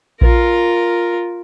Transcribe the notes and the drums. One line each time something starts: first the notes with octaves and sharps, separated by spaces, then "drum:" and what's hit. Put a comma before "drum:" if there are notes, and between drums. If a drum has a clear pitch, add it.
F4 A#4, drum: kick A#1